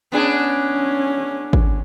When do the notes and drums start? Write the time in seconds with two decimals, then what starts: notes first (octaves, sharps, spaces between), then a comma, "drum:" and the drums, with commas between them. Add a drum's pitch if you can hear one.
0.12 B3 C#4 D4 G#4
1.53 drum: kick G#1